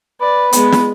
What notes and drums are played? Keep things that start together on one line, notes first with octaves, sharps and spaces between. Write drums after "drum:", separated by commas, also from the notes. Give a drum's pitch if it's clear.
B4 D5
G#3 B3, drum: hi-hat
drum: snare